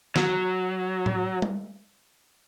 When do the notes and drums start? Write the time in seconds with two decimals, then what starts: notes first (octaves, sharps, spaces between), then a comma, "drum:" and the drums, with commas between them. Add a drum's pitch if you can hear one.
0.16 F#3, drum: snare
1.06 drum: tom A2
1.42 drum: tom G3